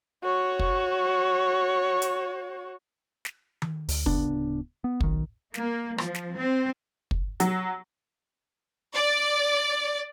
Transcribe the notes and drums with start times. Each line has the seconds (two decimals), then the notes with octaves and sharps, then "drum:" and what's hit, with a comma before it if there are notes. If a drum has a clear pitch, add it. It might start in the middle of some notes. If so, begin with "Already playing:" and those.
0.23 F#4 C#5
0.59 drum: kick
2.02 drum: hi-hat
3.25 drum: snare
3.62 drum: tom D#3
3.89 D2, drum: open hi-hat
4.06 D1 C#3 B3 D4, drum: kick
4.84 B3
5.01 B1 D#3, drum: kick
5.54 A#3, drum: snare
5.98 F3, drum: rim click
6.15 drum: snare
6.34 C4
7.11 drum: kick
7.40 F#3, drum: hi-hat
8.94 D5